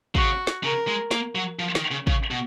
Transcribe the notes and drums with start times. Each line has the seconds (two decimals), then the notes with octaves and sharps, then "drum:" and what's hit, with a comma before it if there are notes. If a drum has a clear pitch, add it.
0.15 C#3 F#4, drum: kick
0.47 drum: snare
0.63 C#3 A#4
0.87 G#3
1.11 A#3, drum: snare
1.35 F#3
1.59 F3
1.75 D#3, drum: snare
1.91 C#3
2.07 C#3, drum: kick
2.31 B2